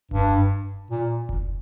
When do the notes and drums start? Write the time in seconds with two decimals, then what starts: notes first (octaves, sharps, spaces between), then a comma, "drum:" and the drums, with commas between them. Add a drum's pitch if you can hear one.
0.11 G2, drum: kick F1
0.90 A#2
1.29 drum: kick F1